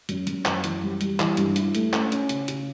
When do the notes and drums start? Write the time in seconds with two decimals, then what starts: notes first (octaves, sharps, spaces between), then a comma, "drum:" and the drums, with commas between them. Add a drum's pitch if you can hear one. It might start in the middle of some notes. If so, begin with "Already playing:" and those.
0.09 F#2, drum: hi-hat
0.27 F#2, drum: hi-hat
0.45 F#2, drum: clap
0.64 E3, drum: hi-hat
0.82 G3
1.01 G3, drum: hi-hat
1.20 E3, drum: clap
1.37 G2, drum: hi-hat
1.56 E4, drum: hi-hat
1.75 A3, drum: hi-hat
1.93 C#4, drum: clap
2.12 C#4, drum: hi-hat
2.29 C#3, drum: hi-hat
2.48 C#3, drum: hi-hat